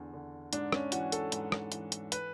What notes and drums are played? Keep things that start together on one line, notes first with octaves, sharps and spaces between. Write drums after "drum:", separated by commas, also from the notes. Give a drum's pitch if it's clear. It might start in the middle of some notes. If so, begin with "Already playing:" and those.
Already playing: E2 D3
D3
G#2 D4, drum: hi-hat
C#4, drum: rim click
E3 F#4, drum: hi-hat
A4, drum: hi-hat
G#2, drum: hi-hat
drum: rim click
E3, drum: hi-hat
drum: hi-hat
B4, drum: hi-hat